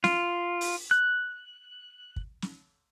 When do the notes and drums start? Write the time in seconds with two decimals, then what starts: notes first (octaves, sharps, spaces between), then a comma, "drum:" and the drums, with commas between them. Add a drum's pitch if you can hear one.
0.04 F4, drum: snare
0.61 drum: open hi-hat
0.91 F#6
2.16 drum: kick
2.42 drum: snare